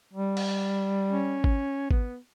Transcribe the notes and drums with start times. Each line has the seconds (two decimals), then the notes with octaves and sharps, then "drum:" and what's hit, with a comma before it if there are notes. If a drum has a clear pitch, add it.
0.14 G3
0.37 drum: cymbal
1.10 C#4
1.44 drum: kick G#1
1.91 B3, drum: kick G#1